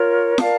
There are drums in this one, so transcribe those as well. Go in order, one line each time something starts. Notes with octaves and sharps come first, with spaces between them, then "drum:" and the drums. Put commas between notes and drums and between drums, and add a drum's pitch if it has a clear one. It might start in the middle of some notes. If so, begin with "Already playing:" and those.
Already playing: F4 A#4 C#5
A#4 D5 F5 A5, drum: snare